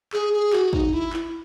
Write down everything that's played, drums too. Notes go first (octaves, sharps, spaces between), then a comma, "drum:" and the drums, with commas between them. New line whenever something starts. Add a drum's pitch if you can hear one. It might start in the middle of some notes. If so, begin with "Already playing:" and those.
G#4, drum: clap
G#4
F#4, drum: clap
D#4, drum: kick
E4
drum: clap